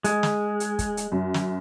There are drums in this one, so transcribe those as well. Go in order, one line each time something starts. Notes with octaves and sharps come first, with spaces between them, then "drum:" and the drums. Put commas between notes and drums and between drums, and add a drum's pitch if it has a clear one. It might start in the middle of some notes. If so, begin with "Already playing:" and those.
G#3, drum: hi-hat
drum: snare
drum: hi-hat
drum: kick, hi-hat
drum: hi-hat
F#2
drum: snare